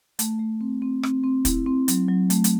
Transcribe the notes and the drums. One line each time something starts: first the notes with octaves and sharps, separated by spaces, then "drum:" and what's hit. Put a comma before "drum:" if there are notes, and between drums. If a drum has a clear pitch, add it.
A3, drum: hi-hat
A3
C4
C4
C4, drum: rim click
C4
E4, drum: kick, hi-hat
C4
F#3, drum: hi-hat
F#3
A3, drum: hi-hat
drum: hi-hat